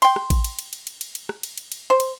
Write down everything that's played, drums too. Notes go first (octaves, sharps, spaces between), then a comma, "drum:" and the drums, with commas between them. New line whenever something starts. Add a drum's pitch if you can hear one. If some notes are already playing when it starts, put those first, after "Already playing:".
G5 C6, drum: cymbal
drum: rim click
drum: kick A1, cymbal
drum: cymbal
drum: cymbal
drum: cymbal
drum: cymbal
drum: cymbal
drum: cymbal
drum: rim click
drum: cymbal
drum: cymbal
drum: cymbal
C5
drum: cymbal